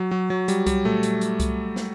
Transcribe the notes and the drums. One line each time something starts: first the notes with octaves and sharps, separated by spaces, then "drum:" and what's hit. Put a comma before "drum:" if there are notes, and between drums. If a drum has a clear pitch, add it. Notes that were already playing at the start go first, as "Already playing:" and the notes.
Already playing: F#3
F#3
F#3
G3, drum: hi-hat
G3, drum: kick C2, hi-hat
A3, drum: tom A#2
drum: hi-hat
drum: hi-hat
drum: kick C2, hi-hat
drum: snare